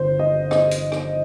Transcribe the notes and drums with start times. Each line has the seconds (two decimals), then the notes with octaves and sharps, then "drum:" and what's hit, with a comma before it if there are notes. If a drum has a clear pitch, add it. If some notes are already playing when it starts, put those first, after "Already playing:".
Already playing: G1 C5
0.19 D#5
0.51 D#5, drum: rim click
0.71 drum: hi-hat
0.92 drum: rim click